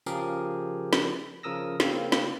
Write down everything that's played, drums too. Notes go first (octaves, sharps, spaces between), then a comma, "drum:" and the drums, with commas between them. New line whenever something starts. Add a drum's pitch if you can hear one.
C#3 F3 G4 G#4 A#4, drum: tambourine
drum: snare
C#3 F3 A#4 D#6 E6 A#6
C#3 A#3 C4, drum: snare
drum: snare